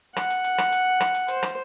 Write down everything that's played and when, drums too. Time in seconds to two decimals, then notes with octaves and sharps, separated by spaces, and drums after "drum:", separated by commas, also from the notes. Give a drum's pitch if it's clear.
0.16 F#5, drum: rim click
0.30 drum: hi-hat
0.44 drum: hi-hat
0.58 drum: rim click
0.72 drum: hi-hat
1.00 drum: rim click
1.14 drum: hi-hat
1.28 C5, drum: hi-hat
1.43 drum: rim click